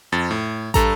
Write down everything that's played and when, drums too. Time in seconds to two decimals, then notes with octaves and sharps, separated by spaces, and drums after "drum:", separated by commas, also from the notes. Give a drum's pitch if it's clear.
0.12 F2 A6
0.31 A2
0.74 G2 A4 A#5, drum: kick, hi-hat